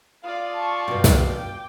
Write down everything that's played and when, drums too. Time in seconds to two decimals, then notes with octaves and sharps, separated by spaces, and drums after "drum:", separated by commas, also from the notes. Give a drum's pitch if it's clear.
0.23 F4 D5 F5 D#6
0.54 A5 C#6
0.88 G2 B2 G5
1.04 drum: snare
1.27 G5 D6